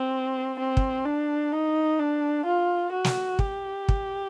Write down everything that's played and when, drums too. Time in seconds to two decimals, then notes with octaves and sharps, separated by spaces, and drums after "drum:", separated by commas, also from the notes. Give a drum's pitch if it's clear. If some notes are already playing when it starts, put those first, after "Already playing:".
Already playing: C4
0.59 C4
0.77 drum: kick
1.05 D4
1.53 D#4
1.99 D4
2.45 F4
2.92 F#4
3.04 drum: snare
3.39 G4, drum: kick
3.89 drum: kick